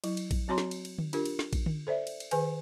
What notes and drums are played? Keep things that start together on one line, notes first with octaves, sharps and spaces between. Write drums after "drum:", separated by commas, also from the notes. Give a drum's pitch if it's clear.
F#3 E4, drum: cymbal
drum: cymbal
drum: kick A#1, cymbal
F#3 C4 F#4 C#5 A#5 C6
drum: snare
drum: cymbal
drum: cymbal
drum: tom D3
D4 F4 G4 A#4, drum: cymbal
drum: cymbal
drum: snare
drum: kick A#1, cymbal
drum: tom D3
A4 C5 D5 E5
drum: cymbal
drum: cymbal
D#3 G#4 B4 G#5, drum: cymbal